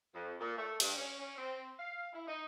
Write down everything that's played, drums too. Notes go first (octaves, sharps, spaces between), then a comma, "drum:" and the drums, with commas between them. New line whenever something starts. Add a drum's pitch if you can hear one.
F2
A#2
A3
G2, drum: cymbal
C#4
C#4
C4
F5
E4
D#4